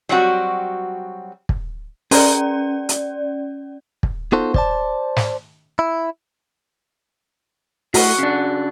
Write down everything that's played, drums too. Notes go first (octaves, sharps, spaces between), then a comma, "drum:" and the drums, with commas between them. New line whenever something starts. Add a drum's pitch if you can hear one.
F#3 G3 C4 F#4
drum: kick
C#4 G#4 A#4 D5, drum: open hi-hat
drum: hi-hat
drum: kick
B3 D#4 F4 F#4 A4 C5
C5 D5 A5, drum: kick
drum: snare
E4
A2 F#4, drum: open hi-hat
C#3 D4